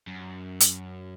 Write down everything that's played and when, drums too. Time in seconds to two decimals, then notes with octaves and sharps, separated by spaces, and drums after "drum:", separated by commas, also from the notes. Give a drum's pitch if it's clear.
0.07 F#2
0.60 drum: hi-hat